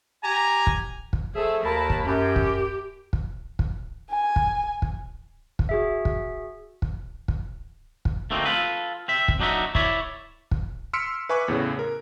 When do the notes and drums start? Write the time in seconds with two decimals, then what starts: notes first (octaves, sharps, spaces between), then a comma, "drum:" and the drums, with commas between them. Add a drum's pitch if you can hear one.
0.24 G4 G#5 A#5
0.67 drum: kick
1.13 drum: kick
1.35 F3 A3 G#4 A4 E5
1.64 D#2 A#4 A5 B5
1.90 drum: kick
2.05 F#2 G4
2.36 drum: kick
3.13 drum: kick
3.59 drum: kick
4.11 G#5
4.36 drum: kick
4.82 drum: kick
5.59 drum: kick
5.69 F#4 G#4 E5
6.05 drum: kick
6.82 drum: kick
7.28 drum: kick
8.05 drum: kick
8.31 D2 A3 A#3 C4 D#4
8.46 F4 A4 B4
9.08 C4 E5
9.28 drum: kick
9.40 F#3 D4 D#4 F#4 E5
9.75 E4 C#5 D5 E5, drum: kick
10.51 drum: kick
10.93 C6 E6 F6 B6 C#7 D7
11.29 B4 E5 G#5 C#6 D6 F#6
11.48 E2 A2 C#3
11.79 A#4